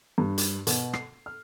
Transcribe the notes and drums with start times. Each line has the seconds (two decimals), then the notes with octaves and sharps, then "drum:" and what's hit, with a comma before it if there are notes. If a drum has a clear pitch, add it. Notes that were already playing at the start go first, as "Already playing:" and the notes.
0.18 G2
0.38 drum: hi-hat
0.67 B2, drum: hi-hat
0.93 C7, drum: rim click
1.26 F6